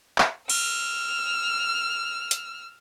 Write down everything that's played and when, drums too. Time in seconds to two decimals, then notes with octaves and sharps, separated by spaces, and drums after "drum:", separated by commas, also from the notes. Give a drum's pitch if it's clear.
0.18 drum: clap
0.50 E6 F6, drum: cymbal
2.31 drum: hi-hat